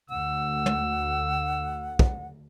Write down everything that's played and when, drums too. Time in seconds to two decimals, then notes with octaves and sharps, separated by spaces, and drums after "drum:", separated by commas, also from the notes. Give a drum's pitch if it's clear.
0.10 D2 F#5 E6
0.66 drum: tom
1.99 drum: kick